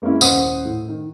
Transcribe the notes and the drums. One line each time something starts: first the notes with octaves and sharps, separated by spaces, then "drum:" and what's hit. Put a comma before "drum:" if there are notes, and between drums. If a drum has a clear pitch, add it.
G#3 A#3 B3 C#4 E4
D#1 C#4 C5 F#5 D#6 D#7, drum: tambourine
A2
D#3